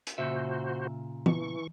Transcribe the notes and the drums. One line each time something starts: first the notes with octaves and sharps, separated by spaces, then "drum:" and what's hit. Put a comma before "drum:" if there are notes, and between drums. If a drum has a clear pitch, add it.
drum: hi-hat
A#2 C#3 F#4 C5 E5
E3 C#6, drum: tom E3